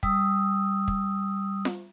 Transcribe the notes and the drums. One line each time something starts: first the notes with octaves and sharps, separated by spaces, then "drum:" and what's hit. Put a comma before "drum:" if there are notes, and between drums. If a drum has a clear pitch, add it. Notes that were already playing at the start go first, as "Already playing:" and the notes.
G3 D#6 E6, drum: kick
drum: kick
drum: snare F4